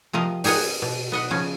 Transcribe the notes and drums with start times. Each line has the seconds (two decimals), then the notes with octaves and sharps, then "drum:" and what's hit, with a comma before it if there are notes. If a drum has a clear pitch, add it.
0.13 C3 F3 A#4 D#5 F5
0.44 G4 G#4 A#4 D#5 F#5, drum: open hi-hat
0.82 B2
1.12 B3 D#5 F#5
1.30 C#3 F3 C#4